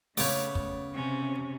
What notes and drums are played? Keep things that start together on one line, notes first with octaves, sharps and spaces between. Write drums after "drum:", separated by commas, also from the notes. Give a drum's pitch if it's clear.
C#3 A3 B3 C#5 D5, drum: open hi-hat
drum: kick
C3 C#4